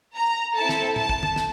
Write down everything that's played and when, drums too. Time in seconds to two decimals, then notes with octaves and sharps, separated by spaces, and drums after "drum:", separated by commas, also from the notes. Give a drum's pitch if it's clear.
0.16 A#5
0.55 C4 E4 A4 A5
0.69 drum: snare
0.96 A5, drum: tom
1.09 drum: kick
1.23 drum: tom
1.36 drum: snare